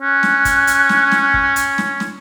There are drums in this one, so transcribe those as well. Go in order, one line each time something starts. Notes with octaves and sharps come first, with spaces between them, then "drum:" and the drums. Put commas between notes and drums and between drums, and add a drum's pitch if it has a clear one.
C#4 F#6
drum: snare
drum: kick, hi-hat
drum: hi-hat
drum: snare
drum: snare
drum: kick
drum: hi-hat
drum: snare
drum: snare